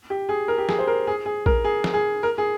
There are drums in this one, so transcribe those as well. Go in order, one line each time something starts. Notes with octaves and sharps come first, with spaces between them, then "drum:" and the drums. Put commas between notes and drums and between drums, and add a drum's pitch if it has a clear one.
G4
G#4
A#4
G4
G#4, drum: snare
C5
A#4
G#4
G#4
A#4, drum: kick
G#4
drum: snare
G#4
A#4
G#4